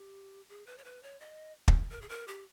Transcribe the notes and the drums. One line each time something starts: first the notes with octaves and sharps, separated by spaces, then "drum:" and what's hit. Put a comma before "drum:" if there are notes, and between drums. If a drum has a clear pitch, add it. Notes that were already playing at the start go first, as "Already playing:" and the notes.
Already playing: G4
G#4
B4
C#5
B4
C#5
D#5
drum: kick
A#4
G#4
A#4
G4